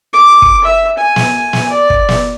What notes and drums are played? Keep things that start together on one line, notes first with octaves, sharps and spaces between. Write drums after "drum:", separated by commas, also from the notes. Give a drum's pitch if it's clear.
D6
drum: kick
E5
G#5
drum: snare
drum: snare
D5
drum: kick
drum: snare